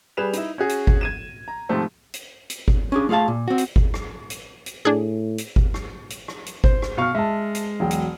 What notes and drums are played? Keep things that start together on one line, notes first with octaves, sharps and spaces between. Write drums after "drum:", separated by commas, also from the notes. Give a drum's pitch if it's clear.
G3 G#4 B4 E7 F7
D#4 E4, drum: hi-hat
C#4 F#4 G#4
drum: hi-hat
drum: kick G1
G#6 D#7 E7
A#5
G#2 C3 D#3 F3 A3 C4
drum: hi-hat
drum: hi-hat
drum: kick G1
C#4 D4 G#4
A3 F4 G#4 F5 A5
A#2
C4 F#4
drum: hi-hat
drum: kick G1
drum: rim click
drum: hi-hat
drum: hi-hat
A2 D4 G#4
drum: hi-hat
drum: kick G1
drum: rim click
drum: hi-hat
drum: rim click
drum: hi-hat
C5, drum: kick G1
drum: rim click
B2 F5 C#6 F6 C#7
G#3 E5 A5
drum: hi-hat
E1 B1 G5
drum: hi-hat